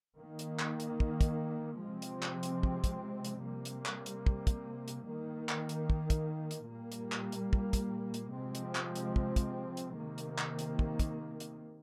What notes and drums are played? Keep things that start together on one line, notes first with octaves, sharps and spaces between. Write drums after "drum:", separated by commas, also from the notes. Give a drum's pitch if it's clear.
D#3 A#3
drum: hi-hat
drum: clap
drum: hi-hat
drum: kick
drum: kick, hi-hat
C3 F3 G#3 C4
drum: hi-hat
drum: clap
drum: hi-hat
drum: kick
drum: kick, hi-hat
drum: hi-hat
C3 G3 A#3
drum: hi-hat
drum: clap
drum: hi-hat
drum: kick
drum: kick, hi-hat
drum: hi-hat
D#3 A#3
drum: clap
drum: hi-hat
drum: kick
drum: kick, hi-hat
drum: hi-hat
A#2 G3 A#3
drum: hi-hat
drum: clap
drum: hi-hat
drum: kick
drum: kick, hi-hat
drum: hi-hat
C3 F3 G#3 C4
drum: hi-hat
drum: clap
drum: hi-hat
drum: kick
drum: kick, hi-hat
drum: hi-hat
C3 D#3 A#3
drum: hi-hat
drum: clap
drum: hi-hat
drum: kick
drum: kick, hi-hat
drum: hi-hat